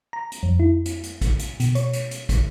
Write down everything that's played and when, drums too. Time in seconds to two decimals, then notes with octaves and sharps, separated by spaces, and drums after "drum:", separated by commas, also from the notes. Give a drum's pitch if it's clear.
0.13 A#5
0.32 drum: hi-hat
0.43 F2
0.60 E4
0.86 drum: hi-hat
1.03 drum: hi-hat
1.21 drum: kick, hi-hat
1.39 drum: hi-hat
1.60 B2, drum: hi-hat
1.75 C#5, drum: hi-hat
1.93 drum: hi-hat
2.11 drum: hi-hat
2.29 drum: kick, hi-hat